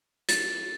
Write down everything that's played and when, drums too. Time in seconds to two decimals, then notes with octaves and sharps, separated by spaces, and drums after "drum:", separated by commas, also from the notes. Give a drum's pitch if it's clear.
0.29 A6, drum: hi-hat